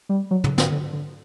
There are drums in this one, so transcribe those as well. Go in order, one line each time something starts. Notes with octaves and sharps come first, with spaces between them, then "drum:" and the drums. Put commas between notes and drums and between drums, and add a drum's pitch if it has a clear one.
G3
F#3
C#3, drum: tom
D3, drum: snare
D3
D3